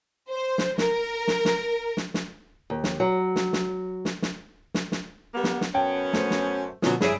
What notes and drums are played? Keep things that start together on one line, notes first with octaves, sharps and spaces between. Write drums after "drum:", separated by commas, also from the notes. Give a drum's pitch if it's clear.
C5
drum: snare
A#4, drum: snare
drum: snare
drum: snare
drum: snare
drum: snare
D#2
drum: snare
F#3
drum: snare
drum: snare
drum: snare
drum: snare
drum: snare
drum: snare
G3 A#3 B3
drum: snare
drum: snare
F#2 B3 C#4 G5 A5
A3 C5, drum: snare
drum: snare
B2 D3 F3 F#3 B3 C#4, drum: snare
G2 E4 G#4 C#5 D7, drum: snare